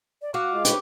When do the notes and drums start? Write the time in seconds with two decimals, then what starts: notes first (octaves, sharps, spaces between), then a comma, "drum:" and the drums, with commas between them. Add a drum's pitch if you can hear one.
0.22 D5
0.34 F#4 F5 D6
0.52 G#3 F4
0.65 G4 B4 C#5, drum: hi-hat